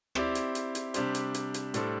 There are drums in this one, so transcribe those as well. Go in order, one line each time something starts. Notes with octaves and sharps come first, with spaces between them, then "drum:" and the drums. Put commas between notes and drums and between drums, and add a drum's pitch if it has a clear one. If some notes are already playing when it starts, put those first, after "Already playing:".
C4 E4 G4 D5, drum: rim click
drum: hi-hat
drum: hi-hat
drum: hi-hat
C3 G3 D4 G4 C5, drum: hi-hat
drum: hi-hat
drum: hi-hat
drum: hi-hat
A2 G3 D4 A4 C5, drum: hi-hat